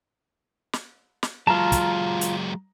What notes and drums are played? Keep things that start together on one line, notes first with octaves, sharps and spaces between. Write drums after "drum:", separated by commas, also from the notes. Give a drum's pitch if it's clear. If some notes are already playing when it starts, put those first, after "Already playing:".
drum: snare
drum: snare
F#3 G#3 F4 A5 A#5
drum: kick, hi-hat
drum: hi-hat